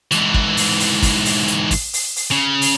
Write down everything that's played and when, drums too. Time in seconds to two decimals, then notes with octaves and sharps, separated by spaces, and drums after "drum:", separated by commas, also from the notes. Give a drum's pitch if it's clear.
0.12 G#2 E3, drum: hi-hat
0.34 drum: kick
0.57 drum: open hi-hat
0.80 drum: open hi-hat
1.02 drum: kick, open hi-hat
1.25 drum: open hi-hat
1.48 drum: hi-hat
1.71 drum: kick, open hi-hat
1.93 drum: open hi-hat
2.16 drum: open hi-hat
2.32 C#3
2.62 drum: open hi-hat